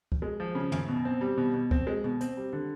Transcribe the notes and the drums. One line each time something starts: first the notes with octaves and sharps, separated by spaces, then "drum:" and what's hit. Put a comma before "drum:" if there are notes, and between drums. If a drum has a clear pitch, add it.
drum: kick C2
G#3
F3
C#3
F#2, drum: tom
B2
C4
G3
B2
B2
C4, drum: kick C2
G#3
B2
C4, drum: hi-hat
G3
D3